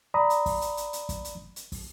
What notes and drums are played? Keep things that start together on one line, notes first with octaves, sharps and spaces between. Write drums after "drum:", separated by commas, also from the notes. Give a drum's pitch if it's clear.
D5 A#5 B5 D#6
drum: hi-hat
drum: kick, open hi-hat
drum: hi-hat
drum: hi-hat
drum: hi-hat
drum: kick, hi-hat
drum: hi-hat
drum: hi-hat
drum: kick, open hi-hat